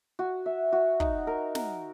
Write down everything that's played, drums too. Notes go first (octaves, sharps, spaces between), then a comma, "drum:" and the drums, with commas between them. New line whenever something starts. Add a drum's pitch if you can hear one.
F#4
E5
F#4
D#4, drum: kick
A#4
A#4, drum: snare